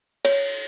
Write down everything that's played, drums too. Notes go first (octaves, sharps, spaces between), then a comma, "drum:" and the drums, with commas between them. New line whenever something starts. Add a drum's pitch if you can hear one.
C#5, drum: cymbal